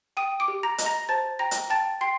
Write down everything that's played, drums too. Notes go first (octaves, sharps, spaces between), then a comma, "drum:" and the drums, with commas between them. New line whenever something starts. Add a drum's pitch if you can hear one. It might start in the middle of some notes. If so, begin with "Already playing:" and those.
G5 D#6 D#7
D6 D7
G4
A#5 A#6
D#5, drum: hi-hat
A#5 A#6
C5 A5 A6
G5 A#5 A#6
drum: hi-hat
G5 A5 A6
G5 C6 C7